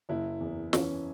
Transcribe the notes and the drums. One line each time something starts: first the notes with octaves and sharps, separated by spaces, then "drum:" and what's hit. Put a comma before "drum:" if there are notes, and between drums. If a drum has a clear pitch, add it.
F#1 E4
E2
E3 C#4, drum: snare